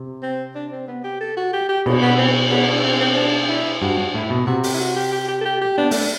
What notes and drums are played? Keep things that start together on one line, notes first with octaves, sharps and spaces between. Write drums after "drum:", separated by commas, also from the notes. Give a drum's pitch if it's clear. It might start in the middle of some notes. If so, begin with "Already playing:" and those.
Already playing: C3
C4
D4
C4
B3
G4
A4
F#4
G4
G4
B2, drum: cymbal
B3
C4
B3, drum: cymbal
D4
C4
C4
D4
E4
G2 F#4
A2 E4
B2
C3 F#4
G4, drum: open hi-hat
E4
F#4
G4
G4
G4
A4
G4
G4
B3 D4
A3 D4, drum: open hi-hat